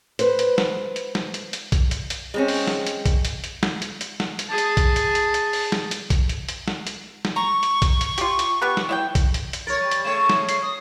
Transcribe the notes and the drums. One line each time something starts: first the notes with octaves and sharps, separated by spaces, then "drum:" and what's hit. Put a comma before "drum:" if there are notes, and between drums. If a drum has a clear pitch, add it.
B4 C5, drum: hi-hat
drum: hi-hat
drum: snare
drum: hi-hat
drum: snare
drum: hi-hat
drum: hi-hat
drum: kick B1, hi-hat
drum: hi-hat
drum: hi-hat
G#3 C4 C#4
drum: open hi-hat
drum: snare
drum: hi-hat
drum: kick B1, hi-hat
drum: hi-hat
drum: hi-hat
drum: snare
drum: hi-hat
drum: hi-hat
drum: snare
drum: hi-hat
G#4 A5
drum: hi-hat
drum: kick B1, hi-hat
drum: hi-hat
drum: hi-hat
drum: hi-hat
drum: open hi-hat
drum: snare
drum: hi-hat
drum: kick B1, hi-hat
drum: hi-hat
drum: hi-hat
drum: snare
drum: hi-hat
drum: snare
A#5 C#6
drum: hi-hat
drum: kick B1, hi-hat
drum: hi-hat
F4 G4, drum: hi-hat
drum: hi-hat
B3 G4 B4
drum: snare
E4 D5 G5
drum: kick B1, hi-hat
drum: hi-hat
drum: hi-hat
A#4 C#5 A6
G3
drum: hi-hat
C#3 A3 C#5 E7
drum: snare
C7, drum: hi-hat
D#6